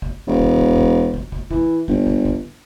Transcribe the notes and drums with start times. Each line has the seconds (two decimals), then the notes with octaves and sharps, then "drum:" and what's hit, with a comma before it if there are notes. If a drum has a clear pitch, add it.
0.02 drum: kick
0.27 E1
0.39 drum: kick
0.58 drum: kick
0.77 drum: kick
1.14 drum: kick
1.32 drum: kick
1.51 E3, drum: kick
1.88 G1, drum: kick
2.07 drum: kick
2.25 drum: kick